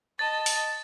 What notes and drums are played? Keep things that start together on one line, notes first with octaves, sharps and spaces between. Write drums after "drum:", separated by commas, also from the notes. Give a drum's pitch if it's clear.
D#5 A5 A6
drum: open hi-hat